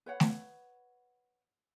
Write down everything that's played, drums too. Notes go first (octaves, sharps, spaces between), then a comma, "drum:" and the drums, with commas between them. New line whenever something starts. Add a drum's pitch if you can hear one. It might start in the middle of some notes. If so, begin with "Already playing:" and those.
B4 C#5 F#5
drum: snare A3